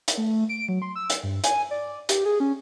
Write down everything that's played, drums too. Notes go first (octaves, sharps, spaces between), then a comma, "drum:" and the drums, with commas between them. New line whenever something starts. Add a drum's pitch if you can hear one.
drum: hi-hat
A3
D7
F#3
C6
E6
drum: hi-hat
G2
G#5, drum: hi-hat
D5
G4, drum: hi-hat
G#4
C#4